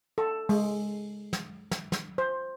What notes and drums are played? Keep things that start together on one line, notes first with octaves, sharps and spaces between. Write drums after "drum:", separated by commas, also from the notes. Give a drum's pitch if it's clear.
A4
G#3, drum: open hi-hat
drum: snare
drum: snare
drum: snare
C5